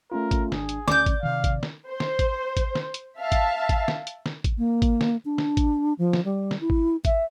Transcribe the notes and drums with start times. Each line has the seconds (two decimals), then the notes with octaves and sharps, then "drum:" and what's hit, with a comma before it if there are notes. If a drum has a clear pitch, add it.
0.12 A3 C#4 F4 A#4
0.31 drum: kick G#1, hi-hat
0.52 G#1 D4 G#4, drum: snare
0.69 drum: hi-hat
0.88 D2 C#4 D5 D6 G6, drum: snare
1.06 drum: kick G#1, hi-hat
1.23 C3 D#3 F5
1.44 drum: kick G#1, hi-hat
1.63 drum: snare
1.88 C5
2.00 drum: snare
2.19 drum: kick G#1, hi-hat
2.57 drum: kick G#1, hi-hat
2.75 drum: snare
2.94 drum: hi-hat
3.19 E5 F5 A5
3.32 drum: kick G#1, hi-hat
3.69 drum: kick G#1, hi-hat
3.88 drum: snare
4.07 drum: hi-hat
4.26 drum: snare
4.44 drum: kick G#1, hi-hat
4.58 A#3
4.82 drum: kick G#1, hi-hat
5.01 drum: snare
5.25 D4
5.38 drum: snare
5.57 drum: kick G#1, hi-hat
5.98 F3
6.13 drum: snare
6.25 G3
6.51 drum: snare
6.61 E4
6.70 drum: kick G#1
7.05 E5, drum: kick G#1, hi-hat